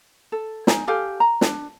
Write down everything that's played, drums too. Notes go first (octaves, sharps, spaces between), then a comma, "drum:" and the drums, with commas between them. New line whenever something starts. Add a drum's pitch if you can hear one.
A4
D#4 G#5, drum: snare
G4 A4 F5 G#5
A#5
D4, drum: snare